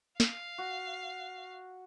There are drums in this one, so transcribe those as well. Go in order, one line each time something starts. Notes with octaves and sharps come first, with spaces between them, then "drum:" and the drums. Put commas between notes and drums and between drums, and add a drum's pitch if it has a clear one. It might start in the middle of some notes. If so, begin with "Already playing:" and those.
F5, drum: snare
F#4